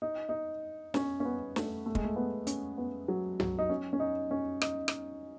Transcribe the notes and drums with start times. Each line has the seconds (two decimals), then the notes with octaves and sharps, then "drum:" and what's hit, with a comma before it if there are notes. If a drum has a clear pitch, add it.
0.02 D#4
0.29 D#4
0.94 C#4, drum: snare
1.20 C#4
1.25 B3
1.56 A3, drum: snare
1.86 A3
1.95 G#3, drum: kick
2.04 A3
2.16 B3
2.47 C#4, drum: hi-hat
2.78 B3
3.08 F#3
3.40 F#3, drum: tom
3.59 D#4
3.70 C#4
3.93 C#4
4.00 D#4
4.31 C#4
4.62 D#4, drum: rim click
4.88 D#4, drum: rim click